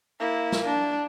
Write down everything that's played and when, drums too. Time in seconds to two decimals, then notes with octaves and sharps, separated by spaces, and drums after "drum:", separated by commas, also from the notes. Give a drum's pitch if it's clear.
0.19 A#3 E4
0.52 drum: snare
0.66 D4